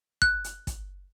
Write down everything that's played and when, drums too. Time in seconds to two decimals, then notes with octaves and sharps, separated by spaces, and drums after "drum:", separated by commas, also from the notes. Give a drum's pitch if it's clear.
0.22 F#6, drum: kick
0.44 drum: hi-hat
0.67 drum: kick, hi-hat